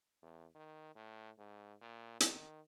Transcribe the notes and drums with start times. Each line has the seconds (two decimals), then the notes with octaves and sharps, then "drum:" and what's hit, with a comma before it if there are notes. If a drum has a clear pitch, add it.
0.22 E2
0.55 D#3
0.96 A2
1.38 G#2
1.81 A#2
2.20 D#3, drum: hi-hat